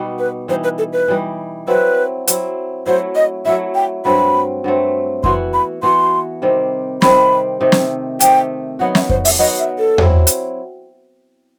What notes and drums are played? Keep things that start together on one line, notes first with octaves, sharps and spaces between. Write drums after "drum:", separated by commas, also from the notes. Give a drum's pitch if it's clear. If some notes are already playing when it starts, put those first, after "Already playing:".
Already playing: B2 G3 B3 D#4
B4
E3 G3 D#4 C5
B4
A4
B4
E3 G3 D#4
F#3 C4 E4 B4
F#3 C4 E4, drum: hi-hat
F#3 A3 E4 C5
D#5
F#3 A3 E4 E5
G5
G2 F#3 A3 C4 B5
G2 F#3 A3 C4
E3 B3 F#4 C6, drum: kick F2
B5
E3 B3 F#4 C6
C3 D#3 G3 C4
C3 D#3 G3 C4 B5, drum: snare
C3 D#3 A3 D#4
drum: snare
C3 D#3 A3 D#4 G5, drum: hi-hat
F#3 B3 D#4 F#4 F#5
E5, drum: snare
C5, drum: kick F2
E5, drum: open hi-hat
F#3 B3 D#4 F#4 D#5
E5
A4
F#3 C4 E4, drum: tom E2
drum: hi-hat